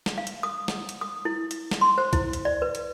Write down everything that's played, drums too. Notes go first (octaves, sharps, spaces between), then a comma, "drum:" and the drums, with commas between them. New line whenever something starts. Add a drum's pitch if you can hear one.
drum: snare
F5
drum: hi-hat
D#6
drum: snare
drum: hi-hat
D#6
E4
drum: hi-hat
drum: snare
C6
C5
E4, drum: kick, hi-hat
drum: hi-hat
D5
B4
drum: hi-hat